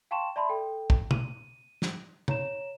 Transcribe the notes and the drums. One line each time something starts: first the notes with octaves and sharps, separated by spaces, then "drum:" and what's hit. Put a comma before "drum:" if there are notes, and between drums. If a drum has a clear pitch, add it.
F5 G5 A5 C6 C#6 E7
D5 E5 A5 B5 C6
A4 G5
drum: kick
D#7, drum: tom B2
drum: snare
C#5 A#5 E7, drum: tom